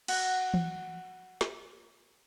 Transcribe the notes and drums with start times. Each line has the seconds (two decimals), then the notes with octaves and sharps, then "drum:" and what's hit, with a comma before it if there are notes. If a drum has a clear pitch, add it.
0.08 F#4 F#5, drum: cymbal
0.54 drum: tom E3
1.41 drum: snare